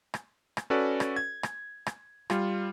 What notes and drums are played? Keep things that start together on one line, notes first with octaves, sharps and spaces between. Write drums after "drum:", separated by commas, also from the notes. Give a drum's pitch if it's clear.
drum: rim click
drum: rim click
C#4 F#4 A4 B4 D5
drum: rim click
G#6
drum: rim click
drum: rim click
G3 F4, drum: rim click